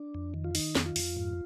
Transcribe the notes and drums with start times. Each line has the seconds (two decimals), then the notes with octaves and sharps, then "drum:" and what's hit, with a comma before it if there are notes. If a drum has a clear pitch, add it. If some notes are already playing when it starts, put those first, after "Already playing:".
Already playing: D4
0.14 F2
0.34 D#3
0.44 F4
0.55 D#3 D#4, drum: open hi-hat
0.75 F2, drum: snare
0.86 F4
0.96 F2, drum: open hi-hat
1.17 G#2